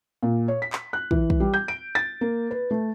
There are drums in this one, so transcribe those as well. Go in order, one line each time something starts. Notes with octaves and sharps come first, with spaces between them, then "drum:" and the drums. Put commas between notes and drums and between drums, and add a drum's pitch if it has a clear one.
A#2
C#5
B6
drum: clap
F#6
E3, drum: kick
drum: kick
G3
G6
D7
A6
A#3
B4
A3